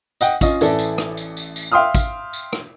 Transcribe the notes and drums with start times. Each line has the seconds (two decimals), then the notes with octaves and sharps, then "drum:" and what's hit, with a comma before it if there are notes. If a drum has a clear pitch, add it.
0.21 D#5 F#5 G5, drum: tambourine
0.41 C#4 F4 D#5, drum: kick, tambourine
0.61 A1 E3 A4 D5, drum: tambourine
0.79 drum: tambourine
0.98 drum: rim click
1.17 drum: tambourine
1.37 drum: tambourine
1.56 drum: tambourine
1.72 E5 F5 G5 C6 D#6 F6
1.95 drum: kick, tambourine
2.33 drum: tambourine
2.53 drum: rim click